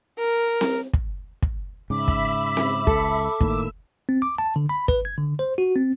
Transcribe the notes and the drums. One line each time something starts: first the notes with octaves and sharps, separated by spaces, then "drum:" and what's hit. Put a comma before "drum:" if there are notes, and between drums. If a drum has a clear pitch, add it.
A#4
drum: snare C4
drum: kick
drum: kick
G#2 C#3 E5 B5 D6
drum: kick
drum: snare C4
C#2 A4, drum: kick
A2 D#3 A#3 E6, drum: kick
C4
D6
A5
D3
B5
B4, drum: kick
G#6
D3
C5
F#4
C4